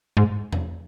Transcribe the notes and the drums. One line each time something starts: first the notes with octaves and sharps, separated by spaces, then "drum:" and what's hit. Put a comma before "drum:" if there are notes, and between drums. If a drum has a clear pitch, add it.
G#2
drum: tom E2